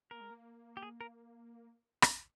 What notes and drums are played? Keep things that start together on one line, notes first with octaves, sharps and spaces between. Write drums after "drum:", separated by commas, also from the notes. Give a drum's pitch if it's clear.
A#3 A#4
G#3
A#3
G4
G#4
A#4
drum: rim click